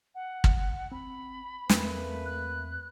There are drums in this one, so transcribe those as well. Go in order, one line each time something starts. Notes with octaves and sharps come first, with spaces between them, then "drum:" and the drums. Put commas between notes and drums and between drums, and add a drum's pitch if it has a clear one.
F#5
drum: kick
C4 B5
E2 A3 A#3 C4 B4, drum: snare
F#6